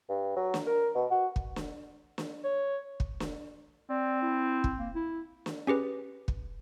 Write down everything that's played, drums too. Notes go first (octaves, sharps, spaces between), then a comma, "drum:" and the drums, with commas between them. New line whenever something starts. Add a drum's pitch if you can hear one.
G2
F#3
drum: snare
A#4
B2
F#4
drum: kick
drum: snare
drum: snare
C#5
drum: kick
drum: snare
C4 D5
E4
drum: kick
A#3
E4
drum: snare
C#4 G4 G#4 B4
drum: kick